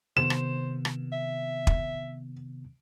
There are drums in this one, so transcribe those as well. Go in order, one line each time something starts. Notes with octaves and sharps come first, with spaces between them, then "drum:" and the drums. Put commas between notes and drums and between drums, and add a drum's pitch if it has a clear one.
C3 D#3 B3 C5 E7
drum: rim click
drum: rim click
E5
drum: kick